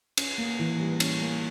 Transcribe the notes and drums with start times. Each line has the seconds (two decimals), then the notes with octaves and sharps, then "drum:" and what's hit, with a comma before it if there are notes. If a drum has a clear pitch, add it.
0.17 C#4, drum: cymbal
0.38 A#3
0.59 E3
0.79 G3
1.00 C#4, drum: cymbal
1.22 A#3